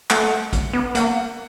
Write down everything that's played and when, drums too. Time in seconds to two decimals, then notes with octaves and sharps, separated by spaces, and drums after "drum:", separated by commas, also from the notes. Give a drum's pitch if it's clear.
0.10 A3 F#5, drum: clap
0.53 drum: kick A#1, hi-hat
0.73 B3
0.95 A#3 F#5, drum: hi-hat